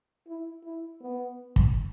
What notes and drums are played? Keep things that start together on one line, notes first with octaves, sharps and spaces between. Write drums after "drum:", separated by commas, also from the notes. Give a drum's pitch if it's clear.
E4
E4
B3
drum: kick